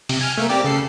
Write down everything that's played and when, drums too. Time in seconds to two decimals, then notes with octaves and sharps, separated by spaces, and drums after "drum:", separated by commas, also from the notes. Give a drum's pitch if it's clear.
0.09 C3, drum: open hi-hat
0.21 G#5 F6
0.38 A3 A#3 A#4
0.49 C4 G4 D5
0.64 C#3 A4 C7